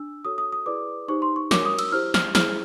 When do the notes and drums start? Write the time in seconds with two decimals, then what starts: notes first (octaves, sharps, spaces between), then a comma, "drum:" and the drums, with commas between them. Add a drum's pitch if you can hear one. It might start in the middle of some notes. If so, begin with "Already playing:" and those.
Already playing: D4 E6
0.25 F#4 A4 C#5 D#6
0.38 D#6
0.52 D#6
0.66 E4 G#4 B4 D5 D6
1.08 D#4 G4 C5 C#6
1.22 C6
1.36 C#6
1.51 D4 F#4 A#4 C#5 D6, drum: snare
1.65 D#6
1.79 E6, drum: cymbal
1.92 E4 G4 C5 F6
2.14 F6, drum: snare
2.35 E4 G#4 C5 F6, drum: snare